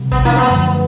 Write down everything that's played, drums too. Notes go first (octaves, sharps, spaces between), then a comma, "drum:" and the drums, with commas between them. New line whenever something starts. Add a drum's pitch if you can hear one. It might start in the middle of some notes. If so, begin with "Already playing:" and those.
Already playing: C3 D#3 G3
B3, drum: kick
A#3, drum: tom
B3
F#2 D3 F3 A3